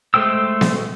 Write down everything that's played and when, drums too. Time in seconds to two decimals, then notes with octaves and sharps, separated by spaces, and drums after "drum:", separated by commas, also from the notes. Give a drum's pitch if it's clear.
0.14 G#3 A3 C5 G5 E6
0.61 drum: snare B3